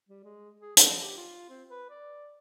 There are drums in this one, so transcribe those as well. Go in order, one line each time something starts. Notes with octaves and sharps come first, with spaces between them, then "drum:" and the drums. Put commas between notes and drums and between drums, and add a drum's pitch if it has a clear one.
G3
G#3
G#4
F3, drum: hi-hat
G4
F4
C4
B4
D5